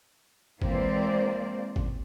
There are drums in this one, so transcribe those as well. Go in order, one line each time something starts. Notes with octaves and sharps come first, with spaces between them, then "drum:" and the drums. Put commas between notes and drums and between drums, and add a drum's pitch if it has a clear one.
E3 G#3 A#3 C4 C5 D5, drum: kick G1
drum: kick G1